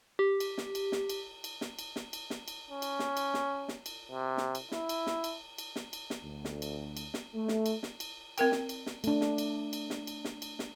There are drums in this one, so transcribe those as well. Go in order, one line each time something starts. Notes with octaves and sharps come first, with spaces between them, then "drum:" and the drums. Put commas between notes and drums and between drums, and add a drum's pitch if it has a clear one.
G4
drum: cymbal
drum: snare
drum: cymbal
drum: snare
drum: cymbal
drum: cymbal
drum: snare
drum: cymbal
drum: snare
drum: cymbal
drum: snare
drum: cymbal
C#4
drum: cymbal
drum: snare
drum: cymbal
drum: snare
drum: snare
drum: cymbal
C3
drum: snare
drum: cymbal
E4, drum: snare
drum: cymbal
drum: snare
drum: cymbal
drum: cymbal
drum: snare
drum: cymbal
drum: snare
D2
drum: snare
drum: cymbal
drum: cymbal
drum: snare
A3
drum: snare
drum: cymbal
drum: snare
drum: cymbal
C4 A#4 G5, drum: cymbal
drum: snare
drum: cymbal
drum: snare
A3 D4, drum: cymbal
drum: snare
drum: cymbal
drum: cymbal
drum: snare
drum: cymbal
drum: snare
drum: cymbal
drum: snare